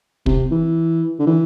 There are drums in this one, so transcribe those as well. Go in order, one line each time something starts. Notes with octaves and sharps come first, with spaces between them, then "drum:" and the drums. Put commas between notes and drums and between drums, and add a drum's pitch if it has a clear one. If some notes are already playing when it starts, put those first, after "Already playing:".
C3, drum: kick
E3
D3
E3